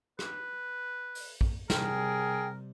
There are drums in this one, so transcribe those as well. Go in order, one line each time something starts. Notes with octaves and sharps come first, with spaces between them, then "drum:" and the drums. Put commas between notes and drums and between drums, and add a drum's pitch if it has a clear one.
B4, drum: rim click
drum: open hi-hat
drum: kick
C3 G3 G#4 A#4 G5, drum: snare